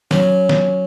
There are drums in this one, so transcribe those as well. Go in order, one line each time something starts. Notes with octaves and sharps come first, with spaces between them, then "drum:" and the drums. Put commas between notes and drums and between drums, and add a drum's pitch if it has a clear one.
F#3 C#4, drum: snare
drum: snare